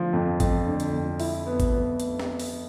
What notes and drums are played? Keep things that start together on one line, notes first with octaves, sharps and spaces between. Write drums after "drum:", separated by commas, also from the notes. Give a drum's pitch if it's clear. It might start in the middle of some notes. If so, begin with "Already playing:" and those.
Already playing: D3 F3
F2
F2, drum: kick A1, hi-hat
D3
drum: hi-hat
F2
E4, drum: open hi-hat
B3
drum: kick A1, hi-hat
B3
drum: hi-hat
drum: snare
drum: open hi-hat